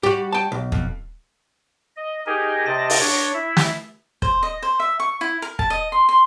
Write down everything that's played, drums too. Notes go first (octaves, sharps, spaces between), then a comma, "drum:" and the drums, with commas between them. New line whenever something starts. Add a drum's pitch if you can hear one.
G3 F#4 G4
G5 A5
B1
F2, drum: kick
D#5
D#4 G4 G#4 A#4 D#5 G#5
C3 D5 D#5 A5 A#6
drum: open hi-hat
D4 C#5
E4 E5
drum: snare
C5, drum: kick
D#5
C5
E5
C#6
E4
A#4
A5, drum: kick
D#5
C6
C6